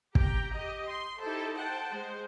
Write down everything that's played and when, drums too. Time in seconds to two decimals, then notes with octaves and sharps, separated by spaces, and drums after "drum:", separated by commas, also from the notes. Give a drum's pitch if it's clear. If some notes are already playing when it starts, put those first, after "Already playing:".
0.15 G4 G5 A#5, drum: kick
0.53 G4 D#5
0.85 C6
1.20 D#4 E4 G4 A4 C5
1.55 C5 F#5 G5 A5
1.90 G#3 C5